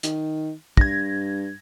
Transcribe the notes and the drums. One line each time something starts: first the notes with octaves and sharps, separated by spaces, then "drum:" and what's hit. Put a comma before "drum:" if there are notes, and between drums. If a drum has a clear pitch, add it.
D#3, drum: hi-hat
G2 G#6 A#6, drum: kick